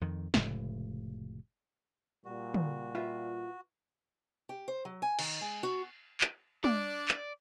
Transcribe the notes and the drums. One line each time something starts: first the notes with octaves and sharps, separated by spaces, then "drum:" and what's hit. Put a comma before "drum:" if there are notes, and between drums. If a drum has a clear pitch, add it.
F2 D#3
F1 A2 C#3 G#3, drum: snare
A#2 G3 F#4
drum: tom
F4 B4 E5
G4
C5
F#3
G#5
D#3, drum: cymbal
G#3
F#4
drum: clap
D4 D5, drum: tom
drum: clap